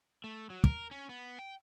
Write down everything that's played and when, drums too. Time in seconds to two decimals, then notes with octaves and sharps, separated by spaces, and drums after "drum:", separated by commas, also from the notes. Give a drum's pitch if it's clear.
0.24 A3
0.50 F#3
0.64 A#4, drum: kick
0.91 C#4
1.09 B3
1.39 G5